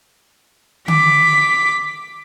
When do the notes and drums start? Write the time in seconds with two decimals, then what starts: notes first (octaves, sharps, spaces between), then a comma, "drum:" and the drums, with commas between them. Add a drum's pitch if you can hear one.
0.88 D6 B6, drum: tom D3